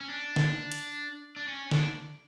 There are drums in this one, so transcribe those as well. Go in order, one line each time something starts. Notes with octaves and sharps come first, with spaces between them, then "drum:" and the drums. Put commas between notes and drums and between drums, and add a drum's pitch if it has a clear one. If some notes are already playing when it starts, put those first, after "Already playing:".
C#4
D4
drum: snare
drum: hi-hat
D4
C#4
D4, drum: snare